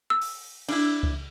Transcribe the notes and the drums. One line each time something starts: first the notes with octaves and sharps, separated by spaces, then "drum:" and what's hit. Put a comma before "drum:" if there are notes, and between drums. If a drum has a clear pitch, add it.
E6
drum: open hi-hat
D4 E4, drum: cymbal
drum: kick C#2